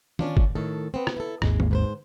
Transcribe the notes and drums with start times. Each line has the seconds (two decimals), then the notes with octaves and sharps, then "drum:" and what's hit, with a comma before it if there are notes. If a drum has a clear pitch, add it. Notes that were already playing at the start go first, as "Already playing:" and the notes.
0.19 C#4 D4 F4, drum: tom D#3
0.37 drum: kick
0.55 A2 D#3 A4
0.94 B3 C4
1.07 drum: rim click
1.17 E4 A4
1.42 G#1 D#2 G#3, drum: rim click
1.60 drum: tom D3
1.71 G#2 B4 C5